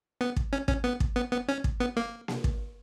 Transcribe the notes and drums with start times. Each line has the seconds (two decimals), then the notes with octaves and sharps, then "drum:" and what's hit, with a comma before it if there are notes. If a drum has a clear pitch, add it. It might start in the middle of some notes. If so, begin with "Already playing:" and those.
0.21 B3
0.36 drum: kick
0.53 C#4
0.68 C#4, drum: kick
0.84 B3
1.00 drum: kick
1.16 B3
1.32 B3
1.48 C#4
1.64 drum: kick
1.80 B3
1.97 A#3
2.28 drum: snare A#3
2.44 drum: kick